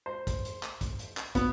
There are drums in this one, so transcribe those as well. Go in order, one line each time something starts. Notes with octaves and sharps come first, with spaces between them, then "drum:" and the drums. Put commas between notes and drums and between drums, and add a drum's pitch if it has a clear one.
C5
drum: kick, hi-hat
drum: hi-hat
drum: clap
drum: kick, hi-hat
drum: hi-hat
drum: clap
B3, drum: kick, hi-hat